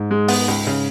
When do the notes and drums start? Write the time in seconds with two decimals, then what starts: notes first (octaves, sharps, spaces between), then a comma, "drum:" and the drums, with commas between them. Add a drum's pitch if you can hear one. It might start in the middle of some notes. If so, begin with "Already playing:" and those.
Already playing: G#2
0.11 G#3
0.28 B3, drum: open hi-hat
0.48 C#2
0.67 C#3